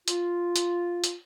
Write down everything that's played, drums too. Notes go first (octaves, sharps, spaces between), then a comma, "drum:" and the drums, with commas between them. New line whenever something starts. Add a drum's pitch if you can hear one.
F4, drum: hi-hat
drum: hi-hat
drum: hi-hat